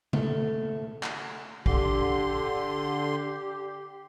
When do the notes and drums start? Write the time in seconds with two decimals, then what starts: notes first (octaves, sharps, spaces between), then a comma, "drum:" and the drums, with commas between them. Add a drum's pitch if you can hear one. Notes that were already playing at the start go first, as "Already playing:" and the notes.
0.13 A3, drum: tom C#3
1.03 drum: clap
1.66 D3 G4 C6, drum: kick